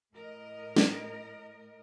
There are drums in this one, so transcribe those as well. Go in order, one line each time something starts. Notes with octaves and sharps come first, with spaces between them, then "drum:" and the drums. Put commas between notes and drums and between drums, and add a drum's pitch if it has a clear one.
A2 A#4 D#5
drum: snare